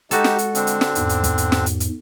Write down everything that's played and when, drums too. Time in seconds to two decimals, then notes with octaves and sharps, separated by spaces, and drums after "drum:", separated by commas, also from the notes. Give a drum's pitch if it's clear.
0.11 G#3 D#4 F#4 G4 A4, drum: hi-hat
0.24 drum: snare
0.38 drum: hi-hat
0.55 D3 C4 D4, drum: hi-hat
0.67 drum: hi-hat
0.81 drum: snare
0.95 E2 G#2, drum: hi-hat
1.09 drum: hi-hat
1.24 drum: kick, hi-hat
1.38 drum: hi-hat
1.52 drum: snare
1.66 drum: hi-hat
1.80 drum: hi-hat